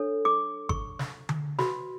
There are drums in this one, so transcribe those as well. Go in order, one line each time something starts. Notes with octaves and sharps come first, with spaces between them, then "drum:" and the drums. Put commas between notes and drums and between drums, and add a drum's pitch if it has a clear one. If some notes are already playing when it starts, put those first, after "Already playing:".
Already playing: D4 A4 C#5
D6
C#6, drum: kick G#1
drum: snare
drum: tom D3
F#4 B4 B5, drum: snare